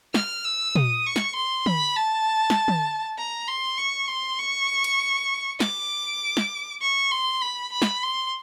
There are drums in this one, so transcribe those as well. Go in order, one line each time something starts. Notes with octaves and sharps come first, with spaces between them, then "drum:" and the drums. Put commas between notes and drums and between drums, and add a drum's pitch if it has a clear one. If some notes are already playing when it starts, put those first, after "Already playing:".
F6, drum: snare
E6
D#6, drum: tom
C#6
drum: snare
C6
B5, drum: tom
A5
drum: snare
drum: tom
A#5
C6
C#6
C6
C#6
drum: cymbal
D6, drum: snare
drum: snare
C#6
C6
B5
B5
drum: snare
C6